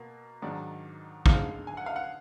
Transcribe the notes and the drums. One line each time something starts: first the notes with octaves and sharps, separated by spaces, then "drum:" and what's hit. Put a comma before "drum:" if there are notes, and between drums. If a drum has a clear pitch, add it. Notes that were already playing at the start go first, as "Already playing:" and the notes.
Already playing: B2 A#3
G#2 D#3 F#3 D4 D5
D3 G#3 D#4 F5, drum: kick A#1
G#5
F#5
F5
F#5